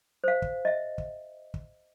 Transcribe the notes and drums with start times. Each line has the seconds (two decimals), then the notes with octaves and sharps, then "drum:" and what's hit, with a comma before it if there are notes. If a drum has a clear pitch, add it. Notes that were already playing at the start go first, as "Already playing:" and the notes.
0.24 C5 F5
0.42 drum: kick
0.65 D#5 E5
0.98 drum: kick
1.54 drum: kick